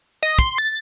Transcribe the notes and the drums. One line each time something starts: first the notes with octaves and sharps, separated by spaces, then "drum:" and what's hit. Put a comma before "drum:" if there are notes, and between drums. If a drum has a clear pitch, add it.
D#5
C6, drum: kick, hi-hat
A6